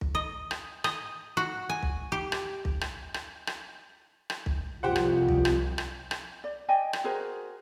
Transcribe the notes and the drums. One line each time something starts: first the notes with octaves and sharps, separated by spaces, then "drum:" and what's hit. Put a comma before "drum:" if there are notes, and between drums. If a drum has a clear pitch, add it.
drum: kick
D#5
drum: rim click
D#5, drum: rim click
F#4
G#5
drum: kick
G4
drum: rim click
drum: kick
drum: rim click
drum: rim click
drum: rim click
drum: rim click
drum: kick
C2 F2 F4 G4 C5 F#5
drum: rim click
drum: kick
drum: rim click
drum: rim click
drum: rim click
D5
D5 D#5 G5 G#5
drum: rim click
F#4 G#4 A#4 C5